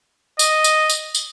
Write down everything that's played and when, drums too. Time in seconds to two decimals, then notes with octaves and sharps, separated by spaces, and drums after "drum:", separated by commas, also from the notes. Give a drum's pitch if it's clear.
0.39 D#5, drum: tambourine
0.64 drum: tambourine
0.89 drum: tambourine
1.15 drum: tambourine